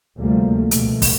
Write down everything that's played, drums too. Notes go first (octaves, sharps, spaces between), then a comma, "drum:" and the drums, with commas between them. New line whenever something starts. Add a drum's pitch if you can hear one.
D2 C3 F3 G3 A3 A#3
C#2 B2 A3, drum: hi-hat
drum: kick, open hi-hat